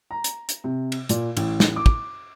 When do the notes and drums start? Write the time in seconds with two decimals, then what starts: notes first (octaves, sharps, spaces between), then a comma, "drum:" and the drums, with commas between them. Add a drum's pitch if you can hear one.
0.11 A#5
0.24 drum: hi-hat
0.49 drum: hi-hat
0.64 C3
0.92 drum: cymbal
1.09 A#2, drum: hi-hat
1.37 A1, drum: cymbal
1.60 drum: snare
1.76 D6
1.86 drum: kick